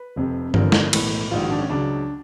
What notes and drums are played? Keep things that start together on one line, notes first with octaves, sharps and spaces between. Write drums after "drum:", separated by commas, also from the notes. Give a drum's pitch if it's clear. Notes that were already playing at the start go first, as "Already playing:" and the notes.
Already playing: B4
F1 F2 C3
G1 G2 D3 F3 A#4, drum: tom G2
drum: snare
B1 A2 E3, drum: cymbal
A#1 G#2 D#3 F4
F#4
D4
C#4
C#2 C#3 F#3 D4